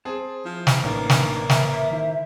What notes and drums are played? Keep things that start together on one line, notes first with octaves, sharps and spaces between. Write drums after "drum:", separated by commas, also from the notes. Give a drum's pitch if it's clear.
C4 G#4 A5
F3 E4
drum: snare
A1 A#3 D4 D#4 B4
drum: snare
C#3 E5, drum: snare
D#3 E4 C5